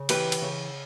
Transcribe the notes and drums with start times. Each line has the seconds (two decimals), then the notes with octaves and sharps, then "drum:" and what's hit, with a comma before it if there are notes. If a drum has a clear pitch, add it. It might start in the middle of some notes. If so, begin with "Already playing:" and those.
Already playing: C#3
0.09 E3 G4 B4, drum: cymbal
0.32 drum: cymbal
0.42 C#3